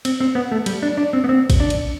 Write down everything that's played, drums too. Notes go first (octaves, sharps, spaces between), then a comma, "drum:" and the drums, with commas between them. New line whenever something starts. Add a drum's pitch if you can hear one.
C4, drum: cymbal
C4
B3
A3
G3, drum: cymbal
D4
D4
C4
B3
C4
drum: kick, cymbal
D4
drum: cymbal